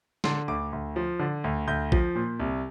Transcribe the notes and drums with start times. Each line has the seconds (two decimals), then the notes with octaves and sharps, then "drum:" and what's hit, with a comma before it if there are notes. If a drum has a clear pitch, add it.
0.24 D3 C6, drum: snare
0.48 D2 D6
0.73 D2
0.96 F3
1.19 D3
1.44 D2
1.67 D2 G6
1.92 F3, drum: kick A#1
2.15 A#2
2.39 C2